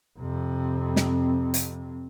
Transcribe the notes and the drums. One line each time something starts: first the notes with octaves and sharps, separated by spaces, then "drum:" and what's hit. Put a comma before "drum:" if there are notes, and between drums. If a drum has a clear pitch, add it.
F2 C3
drum: snare
drum: hi-hat